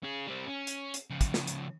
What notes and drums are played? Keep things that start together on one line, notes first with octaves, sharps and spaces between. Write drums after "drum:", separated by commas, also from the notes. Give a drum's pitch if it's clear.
C#4 G#4
G3 C4
C#4
drum: hi-hat
drum: hi-hat
C#3 F3
drum: kick, hi-hat
drum: snare
drum: hi-hat